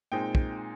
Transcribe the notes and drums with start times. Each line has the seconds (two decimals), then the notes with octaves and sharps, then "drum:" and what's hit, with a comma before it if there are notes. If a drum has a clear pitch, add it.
0.12 A#2 G#3 C4 D#4 G5
0.35 drum: kick